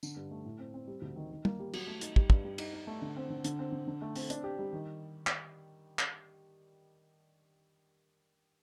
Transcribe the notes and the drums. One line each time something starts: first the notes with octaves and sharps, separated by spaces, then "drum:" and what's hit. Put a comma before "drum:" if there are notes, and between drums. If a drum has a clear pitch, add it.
D3, drum: tambourine
G2
A3
A2
C4
C4
G3
D2
D#3
D#3
A#3, drum: tom
G3
F#3, drum: cymbal
A3
D#4, drum: hi-hat
G3, drum: kick
G2, drum: kick
G3
D#4, drum: cymbal
D#4
A3
D3
C4
D3
D3, drum: hi-hat
C4
D3
D3
A3
C4, drum: open hi-hat
D4, drum: hi-hat
G4
G3
D#3
drum: clap
drum: clap